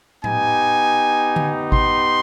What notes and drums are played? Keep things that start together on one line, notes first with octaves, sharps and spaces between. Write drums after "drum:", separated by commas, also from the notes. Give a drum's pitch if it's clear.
B3 D#4 G4 G#5, drum: tom A2
drum: tom D3
C6, drum: kick G#1